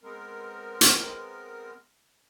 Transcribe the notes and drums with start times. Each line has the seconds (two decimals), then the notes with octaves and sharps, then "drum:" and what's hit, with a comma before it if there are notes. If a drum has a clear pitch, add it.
0.03 G#3 B3 C4 A#4
0.81 drum: hi-hat